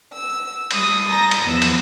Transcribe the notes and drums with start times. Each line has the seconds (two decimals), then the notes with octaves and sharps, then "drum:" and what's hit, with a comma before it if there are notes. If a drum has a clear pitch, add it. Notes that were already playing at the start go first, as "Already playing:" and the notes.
0.14 E6
0.71 G3 D#6, drum: cymbal
1.08 A5 A#5 D#6 G6 A#6
1.31 drum: cymbal
1.46 E2 F3 B3 E6 A#6
1.62 drum: cymbal